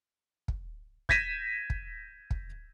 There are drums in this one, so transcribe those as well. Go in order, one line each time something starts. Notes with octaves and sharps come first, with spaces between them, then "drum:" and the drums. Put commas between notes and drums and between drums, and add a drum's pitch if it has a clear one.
drum: kick
G6 G#6 A#6 B6 D#7 E7, drum: kick
drum: kick
drum: kick